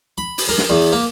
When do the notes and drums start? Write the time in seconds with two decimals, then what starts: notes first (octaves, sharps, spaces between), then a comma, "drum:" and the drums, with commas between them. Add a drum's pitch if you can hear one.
0.18 B5
0.38 drum: open hi-hat
0.49 A#4
0.58 drum: snare
0.70 E2
0.92 A#3